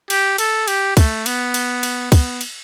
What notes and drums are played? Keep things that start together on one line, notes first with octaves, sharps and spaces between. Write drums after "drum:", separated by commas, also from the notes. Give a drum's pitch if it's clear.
G4, drum: cymbal
A4, drum: cymbal
G4, drum: cymbal
A3, drum: kick, cymbal
B3, drum: cymbal
drum: cymbal
drum: cymbal
B3, drum: kick, cymbal
drum: cymbal